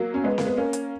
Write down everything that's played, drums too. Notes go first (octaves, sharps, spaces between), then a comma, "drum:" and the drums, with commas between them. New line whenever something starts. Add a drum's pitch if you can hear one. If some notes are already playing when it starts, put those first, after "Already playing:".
Already playing: F#3 A#3
C#4
G#3 B3
A#3, drum: snare C4
B3
A#3 C#4
drum: hi-hat